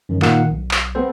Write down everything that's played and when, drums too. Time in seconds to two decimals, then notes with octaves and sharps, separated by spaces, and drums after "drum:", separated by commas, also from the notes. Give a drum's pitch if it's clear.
0.09 F#2 D#3
0.22 A#2 D#3 F5 F#5, drum: clap
0.50 B1
0.71 drum: clap
0.95 B3 C4 A4 C5